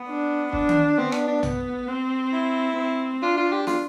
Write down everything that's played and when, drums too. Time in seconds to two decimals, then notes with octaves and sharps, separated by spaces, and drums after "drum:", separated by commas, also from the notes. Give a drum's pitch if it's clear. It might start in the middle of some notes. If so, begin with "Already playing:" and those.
Already playing: B3
0.09 D4
0.53 D4, drum: kick
0.69 drum: tom D#3
0.97 B3 C4
1.12 D4, drum: rim click
1.27 D4
1.43 B3, drum: tom
1.88 C4
2.33 E4
2.77 C4
3.22 D4 F4
3.37 F4
3.52 G4
3.67 F4, drum: snare